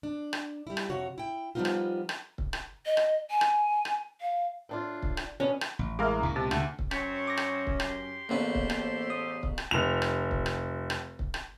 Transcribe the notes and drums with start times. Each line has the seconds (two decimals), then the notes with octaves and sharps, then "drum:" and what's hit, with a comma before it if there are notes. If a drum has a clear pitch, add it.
0.03 D4
0.33 drum: rim click
0.67 G3 E4
0.77 drum: rim click
0.89 F2 C3 F#4 C#5
1.18 E4 G5
1.55 F3 G3 A#3 B3 D#4 F4
1.65 drum: rim click
2.09 drum: rim click
2.38 drum: kick C#1
2.53 drum: rim click
2.86 D#5
2.97 drum: rim click
3.30 G#5
3.41 drum: rim click
3.85 drum: rim click
4.21 F5
4.69 A2 D4 F4
5.02 drum: kick C#1
5.17 drum: rim click
5.40 B2 C#4 D4
5.61 drum: rim click
5.79 A1
5.99 G#3 E4 A#4 F5 D6
6.23 C#2 A#2
6.36 C3 A5
6.51 D2, drum: rim click
6.79 drum: kick C#1
6.91 F#2 C4 C#4 C#5 B6, drum: rim click
7.27 D6 A#6
7.37 drum: rim click
7.67 drum: kick C#1
7.80 G4 C6, drum: rim click
8.29 A1 C#3 A#3 B3 A4 C5
8.55 drum: kick C#1
8.70 drum: rim click
9.10 D#6
9.43 drum: kick C#1
9.58 drum: rim click
9.71 F1 F7
10.02 drum: rim click
10.31 drum: kick C#1
10.46 drum: rim click
10.90 drum: rim click
11.19 drum: kick C#1
11.34 drum: rim click